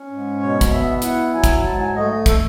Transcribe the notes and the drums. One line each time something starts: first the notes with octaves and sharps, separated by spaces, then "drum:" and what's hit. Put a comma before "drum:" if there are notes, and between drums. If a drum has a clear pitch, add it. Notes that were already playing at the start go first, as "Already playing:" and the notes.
Already playing: C#4
G#2
B2 C#5
drum: kick, hi-hat
B3 E5
E4 F#5, drum: hi-hat
F#3 G#5
drum: kick, hi-hat
G#2 A5
G#5
A3 D#5
A4, drum: kick, hi-hat